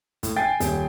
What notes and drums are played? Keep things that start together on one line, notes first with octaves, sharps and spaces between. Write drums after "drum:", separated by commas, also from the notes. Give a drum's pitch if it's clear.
A2, drum: kick, hi-hat
G5 G#5 A6 C7
D#1, drum: hi-hat